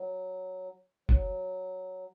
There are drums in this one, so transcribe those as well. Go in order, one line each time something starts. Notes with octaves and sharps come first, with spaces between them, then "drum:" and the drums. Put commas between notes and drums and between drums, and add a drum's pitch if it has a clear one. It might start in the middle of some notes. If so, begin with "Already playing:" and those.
Already playing: F#3
F#3, drum: kick F#1